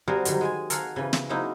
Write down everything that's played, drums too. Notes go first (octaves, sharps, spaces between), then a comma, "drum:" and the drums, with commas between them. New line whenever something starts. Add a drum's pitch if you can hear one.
G3 F#4 G#4 A#4 C5 G#5
D3 D#3 F#3 G3, drum: hi-hat
G#3 G#5
A4 A#4 C#5 F5 F#5 G#5, drum: hi-hat
C#3 E3
drum: snare
F#3 G#3 A#3 D#4 E4